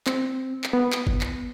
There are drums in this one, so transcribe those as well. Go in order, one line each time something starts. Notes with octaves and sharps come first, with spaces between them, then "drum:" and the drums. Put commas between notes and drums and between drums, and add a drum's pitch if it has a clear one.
C4, drum: clap
drum: clap
B3
drum: clap
drum: kick G1
drum: clap